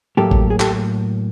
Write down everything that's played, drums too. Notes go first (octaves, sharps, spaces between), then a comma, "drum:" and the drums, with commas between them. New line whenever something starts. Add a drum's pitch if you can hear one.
A2 F#3 A#3 G4 A4
drum: kick A1
G#4
G4 A4, drum: clap